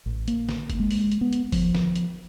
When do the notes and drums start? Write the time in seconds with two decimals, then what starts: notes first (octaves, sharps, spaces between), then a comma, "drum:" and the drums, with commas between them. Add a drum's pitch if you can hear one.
0.06 A1
0.28 A#3, drum: hi-hat
0.49 drum: snare
0.70 drum: kick G1, hi-hat
0.80 G#3
0.91 drum: open hi-hat
1.12 drum: hi-hat
1.21 B3
1.33 drum: hi-hat
1.52 F3, drum: kick G1, open hi-hat
1.75 drum: snare
1.96 drum: hi-hat